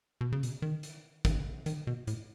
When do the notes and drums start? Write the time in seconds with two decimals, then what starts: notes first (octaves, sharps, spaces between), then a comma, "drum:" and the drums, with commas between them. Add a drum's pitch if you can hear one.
0.21 B2
0.32 C#3
0.43 B2, drum: hi-hat
0.62 D#3
0.83 drum: hi-hat
1.25 D#3, drum: kick, hi-hat
1.66 D#3, drum: hi-hat
1.87 B2
2.07 A2, drum: hi-hat